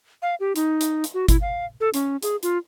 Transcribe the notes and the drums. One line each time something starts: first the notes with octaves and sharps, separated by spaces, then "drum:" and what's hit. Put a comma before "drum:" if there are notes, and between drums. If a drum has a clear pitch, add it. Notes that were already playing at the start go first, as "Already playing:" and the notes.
F5
G4
D#4, drum: hi-hat
drum: hi-hat
drum: hi-hat
F#4
E4, drum: kick G1, hi-hat
F5
A4
C#4, drum: hi-hat
G#4, drum: hi-hat
F4, drum: hi-hat